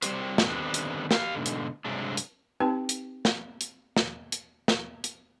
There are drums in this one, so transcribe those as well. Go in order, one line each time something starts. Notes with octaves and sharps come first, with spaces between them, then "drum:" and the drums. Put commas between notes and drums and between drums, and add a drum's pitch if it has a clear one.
F#3 G3 C4 G4 B4 C5, drum: hi-hat
drum: snare
D3 D#3 G3 B3 C4 D4
drum: hi-hat
G4 E5 F5, drum: snare
G#2 B2 D3
drum: hi-hat
G2 C3 F#3 G#3 D4
drum: hi-hat
C4 D#4 G4 B4 G5 A5
drum: hi-hat
drum: snare
drum: hi-hat
drum: snare
drum: hi-hat
drum: snare
drum: hi-hat